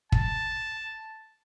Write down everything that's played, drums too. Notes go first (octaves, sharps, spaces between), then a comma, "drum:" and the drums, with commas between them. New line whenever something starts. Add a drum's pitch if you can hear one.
A5, drum: kick